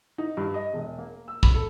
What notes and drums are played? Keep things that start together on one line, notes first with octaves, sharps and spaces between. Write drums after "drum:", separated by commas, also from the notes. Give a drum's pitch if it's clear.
D#4
G2
D#5
E1
A#3
E6
B5, drum: kick
A4